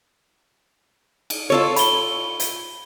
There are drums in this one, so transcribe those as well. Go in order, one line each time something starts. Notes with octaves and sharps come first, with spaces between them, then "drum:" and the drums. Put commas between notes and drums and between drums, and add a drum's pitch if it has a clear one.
drum: cymbal
F4 A4 C#5
B5 G7, drum: hi-hat
drum: hi-hat